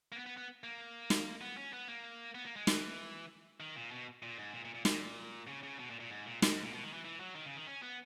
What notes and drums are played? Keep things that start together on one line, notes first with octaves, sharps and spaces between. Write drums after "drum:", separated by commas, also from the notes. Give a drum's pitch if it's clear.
A#3
B3
B3
B3
A#3
drum: snare
B3
C#4
B3
A#3
B3
A#3
G#3
E3, drum: snare
D#3
A#2
B2
A#2
G#2
A#2
A#2
A#2
A#2, drum: snare
C#3
C#3
B2
A#2
A#2
G#2
A#2
A#2, drum: snare
G#2
A#2
B2
D#3
E3
E3
F#3
D#3
C#3
D#3
C#4
B3